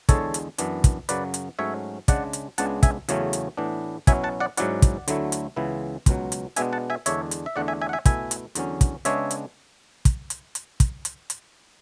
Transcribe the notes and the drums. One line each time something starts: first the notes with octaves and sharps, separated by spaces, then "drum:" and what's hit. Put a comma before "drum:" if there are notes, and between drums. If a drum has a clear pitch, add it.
E2 D3 G#3 A4 C#5, drum: kick, hi-hat
drum: hi-hat
F#2 E3 B3 D4, drum: hi-hat
drum: kick, hi-hat
F#2 C#3 F#3 B4 D5, drum: hi-hat
drum: hi-hat
G#2 F#3 A3 C#4 C#5 E5
C#3 G#3 D4 D5 F#5, drum: kick, hi-hat
drum: hi-hat
C#2 C#3 G#3 B3 D4 F#5 A5, drum: hi-hat
E5 G#5, drum: kick, hi-hat
E2 C#3 F#3 A3 C#4, drum: hi-hat
drum: hi-hat
A2 E3 B3 D4
B2 F#3 C#4 E4 E5 G#5, drum: kick, hi-hat
F#5 A5
D5 F#5
G#2 F#3 C#4 E4 D5 F#5, drum: hi-hat
drum: kick, hi-hat
D2 D3 F#3 A3 E4, drum: hi-hat
drum: hi-hat
C#2 C#3 E3 B3 E4
C#2 B2 F#3, drum: kick, hi-hat
drum: hi-hat
B2 G#3 B3 D4 E5 G#5, drum: hi-hat
F#5 A5
E5 G#5
E2 D3 G#3 D4 C#5 E5, drum: hi-hat
drum: hi-hat
E5
E2 D3 A3 D4 D5 F#5
E5 G#5
E5 G#5
F#5
E5 G#5
B2 A3 E4 E5 G#5, drum: kick, hi-hat
drum: hi-hat
E2 D3 F#3 C#4, drum: hi-hat
drum: kick, hi-hat
C#3 G#3 B3 D4 C#5 E5, drum: hi-hat
drum: hi-hat
drum: kick, hi-hat
drum: hi-hat
drum: hi-hat
drum: kick, hi-hat
drum: hi-hat
drum: hi-hat